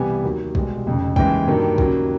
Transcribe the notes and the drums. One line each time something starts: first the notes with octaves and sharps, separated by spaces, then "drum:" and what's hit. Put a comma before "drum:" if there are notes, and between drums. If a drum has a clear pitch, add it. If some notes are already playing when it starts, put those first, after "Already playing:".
Already playing: C2 C3 E3 G3 B3 G#5
D#2 D#3 F#3
C2 B2 G#3, drum: kick
F1 F2 C#3
D#2 C#3 E3 G#3 G5, drum: kick
G2 D#3 F#3 A#3
D#2 C#3 F#3 A#3, drum: kick